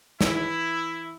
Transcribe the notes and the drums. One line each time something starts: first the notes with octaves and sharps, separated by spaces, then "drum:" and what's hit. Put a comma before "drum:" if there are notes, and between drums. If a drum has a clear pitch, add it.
E3 E4, drum: snare